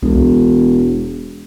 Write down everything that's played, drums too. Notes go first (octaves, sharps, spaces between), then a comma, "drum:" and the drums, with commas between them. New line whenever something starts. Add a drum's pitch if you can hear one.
E1, drum: kick C2